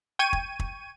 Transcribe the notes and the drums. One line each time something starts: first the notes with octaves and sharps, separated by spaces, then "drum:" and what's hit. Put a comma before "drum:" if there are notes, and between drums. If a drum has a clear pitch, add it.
G5 C#6 G#6 D#7
drum: kick
drum: kick